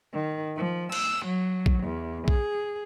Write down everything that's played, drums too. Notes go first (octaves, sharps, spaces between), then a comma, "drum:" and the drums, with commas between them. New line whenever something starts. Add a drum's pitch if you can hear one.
D#3
F3
E6, drum: cymbal
F#3
drum: kick A#1
E2
G#4, drum: kick A#1